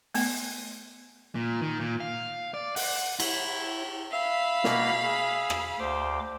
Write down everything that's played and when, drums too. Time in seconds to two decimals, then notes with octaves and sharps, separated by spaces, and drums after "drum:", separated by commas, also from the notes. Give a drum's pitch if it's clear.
0.14 A3 B3 G5, drum: open hi-hat
1.35 A#2
1.61 D#3
1.80 A#2
2.00 F5
2.54 D5
2.76 F#5, drum: open hi-hat
3.20 E4, drum: cymbal
4.12 E5 F5 B5
4.64 B2 A#3, drum: snare
5.04 G#4 E6
5.50 drum: rim click
5.80 D2 C5 D6